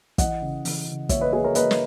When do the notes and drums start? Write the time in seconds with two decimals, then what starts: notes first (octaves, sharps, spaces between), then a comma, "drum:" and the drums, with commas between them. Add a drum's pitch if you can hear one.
0.18 E3 D#5 F#5, drum: kick, hi-hat
0.41 C#3
0.65 E3, drum: open hi-hat
0.87 C#3
1.09 A#3 C#5 E5, drum: kick, hi-hat
1.21 B4 D#5
1.32 A#3 G#4 B4
1.44 A#4 C#5
1.55 A#3 B4 D#5, drum: hi-hat
1.71 drum: snare